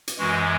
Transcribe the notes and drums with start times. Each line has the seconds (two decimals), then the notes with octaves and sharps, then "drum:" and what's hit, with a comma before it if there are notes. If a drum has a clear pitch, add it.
0.08 drum: hi-hat
0.18 F#2 E3 G#3 F#4